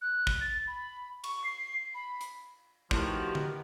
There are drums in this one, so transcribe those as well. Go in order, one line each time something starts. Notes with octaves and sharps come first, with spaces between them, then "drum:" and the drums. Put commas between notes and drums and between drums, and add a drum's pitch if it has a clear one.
F#6
drum: kick
A6
B5
C#6, drum: cymbal
C7
B5
drum: hi-hat
A2 D#3 F3 F#4 G4 B4, drum: kick
drum: tom